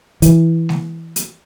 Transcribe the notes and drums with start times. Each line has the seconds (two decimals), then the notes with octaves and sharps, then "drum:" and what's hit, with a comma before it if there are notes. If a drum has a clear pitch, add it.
0.22 E3, drum: hi-hat
0.69 drum: snare G#3
1.16 drum: hi-hat